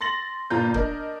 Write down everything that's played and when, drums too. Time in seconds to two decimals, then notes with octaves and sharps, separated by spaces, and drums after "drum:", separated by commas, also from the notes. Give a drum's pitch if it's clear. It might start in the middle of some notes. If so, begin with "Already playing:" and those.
0.01 C6 A6 A#6 F#7
0.50 G1 A#2 F4 A#5 G6
0.74 D4 A#4 D#5, drum: kick